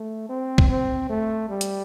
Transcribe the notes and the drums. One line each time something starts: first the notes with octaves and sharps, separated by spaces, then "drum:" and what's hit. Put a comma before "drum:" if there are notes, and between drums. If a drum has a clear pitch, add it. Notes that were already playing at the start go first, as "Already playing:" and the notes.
Already playing: A3
C4
drum: kick
C4
A3
G3
drum: hi-hat